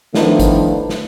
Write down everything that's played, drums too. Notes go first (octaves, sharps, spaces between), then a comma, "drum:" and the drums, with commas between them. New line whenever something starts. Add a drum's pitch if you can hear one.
D#3 F3 A3 B3 D4 E4, drum: snare
drum: kick G#1, hi-hat
drum: snare